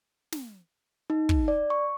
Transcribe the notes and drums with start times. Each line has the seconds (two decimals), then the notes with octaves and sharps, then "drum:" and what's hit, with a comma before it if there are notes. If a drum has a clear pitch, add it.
0.32 drum: snare
1.10 D#4
1.29 drum: kick
1.48 D5
1.70 C#6